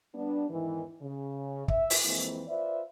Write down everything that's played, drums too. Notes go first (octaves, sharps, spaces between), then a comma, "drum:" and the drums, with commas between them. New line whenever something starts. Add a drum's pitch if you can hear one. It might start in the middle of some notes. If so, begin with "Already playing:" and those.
G3 B3 D4
E2 G#2 D#3 E3
C#3
E5, drum: kick
drum: open hi-hat
F2 E3 G#3 A#3 C4 E4
F4 B4 C5 D5 E5